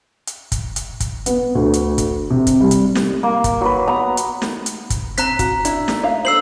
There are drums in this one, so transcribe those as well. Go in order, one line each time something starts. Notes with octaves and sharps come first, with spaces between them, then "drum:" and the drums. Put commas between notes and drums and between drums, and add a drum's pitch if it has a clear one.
drum: hi-hat
drum: kick, hi-hat
drum: hi-hat
drum: kick, hi-hat
B3, drum: hi-hat
D2
drum: hi-hat
drum: kick, hi-hat
C3
drum: kick, hi-hat
G3
drum: hi-hat
drum: snare
A#3
drum: kick, hi-hat
F#3 B4
B3 A#5
drum: hi-hat
drum: snare
drum: hi-hat
drum: kick, hi-hat
C4 A#5 F#6 B6, drum: hi-hat
F#4, drum: kick, hi-hat
D4 E4, drum: hi-hat
drum: snare
E5 F5
D4 A4 C5 E6 C7 F#7